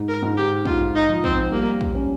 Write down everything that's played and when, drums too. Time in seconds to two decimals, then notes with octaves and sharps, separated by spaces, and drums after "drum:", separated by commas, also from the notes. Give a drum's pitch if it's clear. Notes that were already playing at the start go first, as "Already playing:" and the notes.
Already playing: G#2
0.08 A#4
0.22 G#2
0.37 G4
0.65 G#2 F4, drum: kick
0.95 D#4
1.09 F3
1.24 C4, drum: kick
1.51 G3 A#3
1.81 drum: kick
1.95 C#4